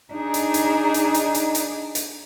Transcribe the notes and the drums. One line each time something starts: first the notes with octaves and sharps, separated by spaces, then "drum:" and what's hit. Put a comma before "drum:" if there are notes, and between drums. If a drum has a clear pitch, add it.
D4 D#4 G#4
drum: hi-hat
drum: hi-hat
drum: hi-hat
drum: hi-hat
drum: hi-hat
drum: hi-hat
drum: hi-hat